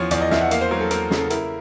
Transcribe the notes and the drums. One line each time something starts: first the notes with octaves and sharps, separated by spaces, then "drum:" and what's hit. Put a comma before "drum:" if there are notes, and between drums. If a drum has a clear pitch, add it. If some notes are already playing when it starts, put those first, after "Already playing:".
Already playing: E2 F3 C5 C#5
E2 D5, drum: hi-hat
D#5
E2 E5, drum: snare
F#5
A#3 F5, drum: hi-hat
C5
F#3 A#4
A4
A#3 A#4, drum: hi-hat
C#3, drum: snare
A4
E4 A#4, drum: hi-hat